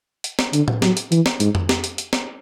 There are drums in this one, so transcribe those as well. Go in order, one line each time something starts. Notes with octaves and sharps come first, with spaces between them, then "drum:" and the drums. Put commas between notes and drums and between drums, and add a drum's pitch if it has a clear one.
drum: hi-hat
drum: snare
D3, drum: hi-hat
drum: tom A2
F#3, drum: snare
drum: hi-hat
E3, drum: hi-hat
drum: snare
G#2, drum: hi-hat
drum: tom F2
drum: snare
drum: hi-hat
drum: hi-hat
drum: snare